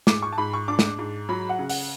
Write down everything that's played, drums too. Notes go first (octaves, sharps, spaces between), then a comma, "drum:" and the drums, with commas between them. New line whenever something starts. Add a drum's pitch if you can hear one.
G#2 D6, drum: snare
C#6
A5
G#2 B5
C#6
D4 D6
drum: snare
G#2
F#3 B5
F#5
C#3
F#5, drum: open hi-hat